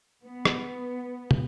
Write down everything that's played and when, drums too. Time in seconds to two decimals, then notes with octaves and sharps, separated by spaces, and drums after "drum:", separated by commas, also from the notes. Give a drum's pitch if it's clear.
0.24 B3
0.45 drum: rim click
1.31 drum: tom